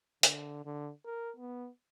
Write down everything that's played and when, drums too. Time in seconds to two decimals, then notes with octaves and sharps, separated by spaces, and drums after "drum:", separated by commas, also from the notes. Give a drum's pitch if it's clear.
0.23 D3, drum: hi-hat
0.66 D3
1.06 A#4
1.37 B3